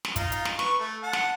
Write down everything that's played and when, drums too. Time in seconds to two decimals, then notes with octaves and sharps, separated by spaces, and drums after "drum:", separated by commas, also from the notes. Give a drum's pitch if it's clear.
0.05 drum: snare
0.16 D#4 F4, drum: kick, hi-hat
0.32 drum: hi-hat
0.45 drum: snare
0.59 B4 C#6, drum: snare
0.79 A3
1.03 F#5 A5
1.13 drum: snare